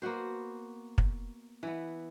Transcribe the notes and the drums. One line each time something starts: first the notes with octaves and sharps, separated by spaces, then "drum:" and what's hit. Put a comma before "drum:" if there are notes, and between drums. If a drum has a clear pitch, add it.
A#3 B3 F#4 C5
drum: kick
E3 B3